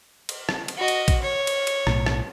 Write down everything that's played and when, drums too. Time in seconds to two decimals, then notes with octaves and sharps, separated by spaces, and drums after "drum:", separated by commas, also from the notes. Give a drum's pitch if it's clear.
0.29 drum: cymbal
0.49 drum: rim click
0.68 drum: cymbal
0.78 F#4 D#5
0.88 drum: cymbal
1.08 drum: kick A1, cymbal
1.22 C#5
1.47 drum: cymbal
1.67 drum: cymbal
1.87 B1 A2, drum: rim click
2.06 drum: rim click